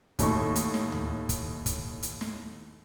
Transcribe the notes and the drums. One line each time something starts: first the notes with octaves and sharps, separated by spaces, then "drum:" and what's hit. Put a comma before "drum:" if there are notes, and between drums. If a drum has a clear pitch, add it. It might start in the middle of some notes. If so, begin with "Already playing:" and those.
D#2 A2 D#4 C#6, drum: kick, hi-hat
drum: hi-hat
drum: snare
drum: tom D2
drum: kick, hi-hat
drum: kick, hi-hat
drum: hi-hat
drum: snare